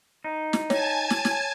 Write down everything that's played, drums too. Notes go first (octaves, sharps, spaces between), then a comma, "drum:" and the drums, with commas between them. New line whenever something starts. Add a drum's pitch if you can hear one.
D#4
drum: snare
C#5 G#5 A5 G#6, drum: snare
drum: snare
drum: snare